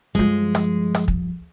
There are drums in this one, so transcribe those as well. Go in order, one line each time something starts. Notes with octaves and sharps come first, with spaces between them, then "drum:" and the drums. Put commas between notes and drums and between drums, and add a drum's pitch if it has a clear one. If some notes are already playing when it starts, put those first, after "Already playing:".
G2 F3 G#3
drum: rim click
drum: rim click
drum: kick